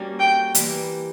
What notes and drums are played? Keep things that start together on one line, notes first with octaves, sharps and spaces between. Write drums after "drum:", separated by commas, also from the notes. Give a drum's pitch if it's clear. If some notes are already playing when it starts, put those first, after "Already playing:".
Already playing: G3 A#3 C#4 F#4
G5
E3 G3 A#3, drum: hi-hat